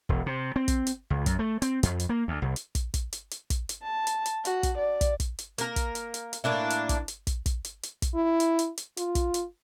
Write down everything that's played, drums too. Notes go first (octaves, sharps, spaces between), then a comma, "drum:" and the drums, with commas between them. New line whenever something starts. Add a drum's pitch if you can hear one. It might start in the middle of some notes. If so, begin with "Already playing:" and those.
E1, drum: kick
C3
C4
drum: kick, hi-hat
drum: hi-hat
C#2
F#2, drum: kick, hi-hat
A3
C4, drum: hi-hat
F2, drum: hi-hat
drum: hi-hat
A#3
D2
C2
drum: hi-hat
drum: kick, hi-hat
drum: kick, hi-hat
drum: hi-hat
drum: hi-hat
drum: kick, hi-hat
drum: hi-hat
A5
drum: hi-hat
drum: hi-hat
F#4, drum: hi-hat
drum: kick, hi-hat
D5
drum: kick, hi-hat
drum: kick, hi-hat
drum: hi-hat
A#3 A#4, drum: hi-hat
drum: kick, hi-hat
drum: hi-hat
drum: hi-hat
drum: hi-hat
A2 A#3 D4 E4
drum: hi-hat
drum: kick, hi-hat
drum: hi-hat
drum: kick, hi-hat
drum: kick, hi-hat
drum: hi-hat
drum: hi-hat
drum: kick, hi-hat
E4
drum: hi-hat
drum: hi-hat
drum: hi-hat
F4, drum: hi-hat
drum: kick, hi-hat
drum: hi-hat